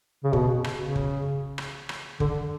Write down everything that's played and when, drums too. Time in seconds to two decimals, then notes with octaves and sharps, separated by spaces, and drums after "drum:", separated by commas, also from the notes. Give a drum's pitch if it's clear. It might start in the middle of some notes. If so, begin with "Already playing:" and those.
0.24 C#3
0.33 B2, drum: kick
0.64 drum: rim click
0.80 C#3
0.96 drum: kick
1.58 drum: rim click
1.89 drum: rim click
2.20 D3, drum: kick